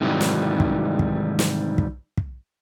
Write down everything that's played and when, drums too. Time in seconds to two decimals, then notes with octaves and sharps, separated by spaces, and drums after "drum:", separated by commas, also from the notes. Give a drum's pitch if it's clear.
0.01 G#2 C3 D#3 E3 F#3 G3
0.21 drum: snare
0.60 drum: kick
0.99 drum: kick
1.39 drum: snare
1.78 drum: kick
2.18 drum: kick